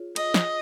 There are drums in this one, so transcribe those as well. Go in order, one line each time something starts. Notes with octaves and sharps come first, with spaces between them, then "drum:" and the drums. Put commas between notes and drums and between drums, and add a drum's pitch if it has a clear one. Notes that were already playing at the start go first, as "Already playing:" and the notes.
Already playing: F4 G#4 C#5
D#5, drum: cymbal
drum: snare